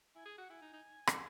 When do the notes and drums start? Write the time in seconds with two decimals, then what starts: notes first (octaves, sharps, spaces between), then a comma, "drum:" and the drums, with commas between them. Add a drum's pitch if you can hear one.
0.15 E4 G#5
0.26 G#4
0.38 F#4 F#5
0.50 E4 G#5
0.62 D#4
0.73 D#4
1.07 drum: rim click